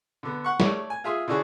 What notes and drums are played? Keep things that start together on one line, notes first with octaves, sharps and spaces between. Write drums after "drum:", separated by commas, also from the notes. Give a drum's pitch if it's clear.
D3 B3
F#5 C#6
A3 C#5 D5, drum: snare
G#5
F4 G#4 E5 G#5 C6 D#6
D3 E3 C#4 D4 F#4 G#4